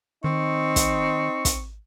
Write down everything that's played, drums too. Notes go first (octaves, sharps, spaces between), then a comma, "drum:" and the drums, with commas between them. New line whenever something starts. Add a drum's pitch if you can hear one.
D#3 C4 D#4 C#6
drum: kick, hi-hat
drum: kick, hi-hat